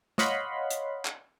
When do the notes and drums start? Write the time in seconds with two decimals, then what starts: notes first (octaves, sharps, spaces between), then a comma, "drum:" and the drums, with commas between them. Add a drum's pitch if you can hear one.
0.18 C#5 D#5 F5 F#5 B5 C6, drum: snare
0.71 drum: hi-hat
1.05 drum: clap